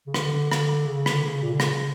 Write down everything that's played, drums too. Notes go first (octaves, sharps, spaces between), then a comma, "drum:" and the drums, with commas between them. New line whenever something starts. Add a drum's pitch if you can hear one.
C#3
D3, drum: rim click
D3, drum: rim click
C#3
D3, drum: rim click
C#3
A#2
D3
C#3, drum: rim click